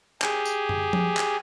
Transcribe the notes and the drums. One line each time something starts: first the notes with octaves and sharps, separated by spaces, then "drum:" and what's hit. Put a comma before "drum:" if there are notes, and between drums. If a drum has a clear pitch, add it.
G4 G#4, drum: clap
drum: tambourine
drum: tom
drum: tom F3
drum: clap